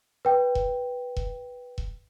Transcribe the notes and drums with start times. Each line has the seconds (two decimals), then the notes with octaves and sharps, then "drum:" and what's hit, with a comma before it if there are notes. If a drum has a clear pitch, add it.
0.25 B4 G5
0.55 drum: kick E1
1.17 drum: kick E1
1.78 drum: kick E1